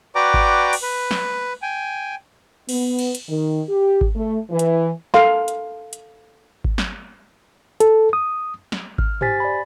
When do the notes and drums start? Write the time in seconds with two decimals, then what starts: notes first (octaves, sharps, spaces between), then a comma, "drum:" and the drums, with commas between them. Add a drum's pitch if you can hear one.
0.15 F#4 B4 D5 G5 A#5 D6
0.34 drum: kick G#1
0.73 drum: cymbal
0.82 B4
1.11 drum: snare
1.62 G5 G#5
2.69 B3, drum: cymbal
2.99 drum: cymbal
3.15 drum: hi-hat
3.28 D#3
3.68 G4
4.01 drum: kick G#1
4.15 A3
4.50 E3
4.59 drum: hi-hat
5.14 A4 F5 C6, drum: snare
5.48 drum: hi-hat
5.93 drum: hi-hat
6.64 drum: kick G#1
6.78 drum: snare
7.80 A4, drum: hi-hat
8.13 D#6
8.72 drum: snare
8.98 F6, drum: kick G#1
9.21 G4 C5 G#5 A6 B6, drum: tom
9.40 D5 B5